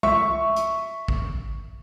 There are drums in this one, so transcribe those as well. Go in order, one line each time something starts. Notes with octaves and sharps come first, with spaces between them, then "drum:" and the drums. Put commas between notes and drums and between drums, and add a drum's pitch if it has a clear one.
E5 C#6, drum: tom G#3
drum: hi-hat
drum: kick A1